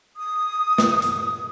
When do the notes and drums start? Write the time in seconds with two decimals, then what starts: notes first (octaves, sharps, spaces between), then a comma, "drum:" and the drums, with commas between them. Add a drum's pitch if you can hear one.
0.16 D#6
0.78 drum: snare
1.02 drum: hi-hat